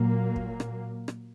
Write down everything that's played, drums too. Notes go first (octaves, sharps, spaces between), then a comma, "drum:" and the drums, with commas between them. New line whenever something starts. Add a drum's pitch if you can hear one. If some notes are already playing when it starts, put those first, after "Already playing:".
Already playing: A#2 F#3 A#3
drum: kick
drum: rim click
drum: rim click